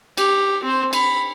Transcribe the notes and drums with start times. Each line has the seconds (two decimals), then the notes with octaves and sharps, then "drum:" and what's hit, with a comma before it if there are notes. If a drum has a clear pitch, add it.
0.17 G4, drum: cymbal
0.64 C4 C5
0.93 B5, drum: cymbal